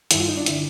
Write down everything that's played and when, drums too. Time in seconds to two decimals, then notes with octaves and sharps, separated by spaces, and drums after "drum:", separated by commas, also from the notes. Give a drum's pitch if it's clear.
0.11 G2 D#3 E4, drum: hi-hat
0.19 F4
0.29 D#4
0.37 D4
0.46 D3 E4, drum: hi-hat